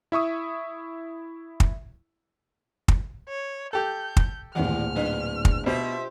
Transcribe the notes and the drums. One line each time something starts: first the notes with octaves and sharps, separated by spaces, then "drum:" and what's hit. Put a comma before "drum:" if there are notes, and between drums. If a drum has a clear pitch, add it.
E4 E5 C#6 D#6
drum: kick
drum: kick
C#5
G4 A4 G6
drum: kick
D1 A#2 D#3 E3 G3 F#5 F6
F#3 D4 B4
drum: kick
B2 F4 G4 C5 E5